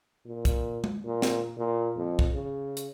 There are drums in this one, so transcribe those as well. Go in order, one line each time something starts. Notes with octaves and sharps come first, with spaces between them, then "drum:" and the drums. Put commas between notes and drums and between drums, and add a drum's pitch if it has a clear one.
A#2
drum: kick, hi-hat
drum: tom G#3
A#2
drum: snare
A#2
F2
drum: kick
C#3
drum: hi-hat